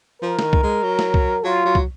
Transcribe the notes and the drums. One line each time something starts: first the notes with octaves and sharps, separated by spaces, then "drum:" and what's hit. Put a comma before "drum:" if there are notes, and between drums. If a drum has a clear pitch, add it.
F3 A#4
C#3, drum: snare
D#3
drum: kick
G#3
F#3
drum: snare
drum: kick
F#3 F4
F#3
drum: kick